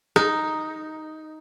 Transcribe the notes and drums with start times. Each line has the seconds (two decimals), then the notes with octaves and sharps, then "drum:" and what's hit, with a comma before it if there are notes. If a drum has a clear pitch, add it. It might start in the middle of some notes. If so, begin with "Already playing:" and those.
0.16 D#4, drum: rim click